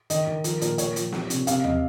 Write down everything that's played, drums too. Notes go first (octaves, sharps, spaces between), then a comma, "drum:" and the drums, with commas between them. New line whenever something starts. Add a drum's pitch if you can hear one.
D#3 D#5, drum: hi-hat
D#3
F3 A#4, drum: hi-hat
A#2 A#4, drum: hi-hat
A#2 C#5, drum: hi-hat
F3, drum: hi-hat
F3, drum: snare
C3, drum: hi-hat
C3 F5, drum: hi-hat
C3 D#5, drum: tom D#2